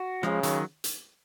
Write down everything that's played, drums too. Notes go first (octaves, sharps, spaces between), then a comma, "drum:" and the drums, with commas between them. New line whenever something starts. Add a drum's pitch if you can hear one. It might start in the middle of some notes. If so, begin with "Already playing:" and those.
Already playing: F#4
C#3 F3 G#3, drum: rim click
D#3 F#3, drum: hi-hat
drum: hi-hat